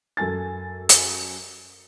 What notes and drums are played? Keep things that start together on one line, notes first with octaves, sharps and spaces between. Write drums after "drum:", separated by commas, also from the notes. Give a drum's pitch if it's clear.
F#2 A4 G#5 A6
drum: hi-hat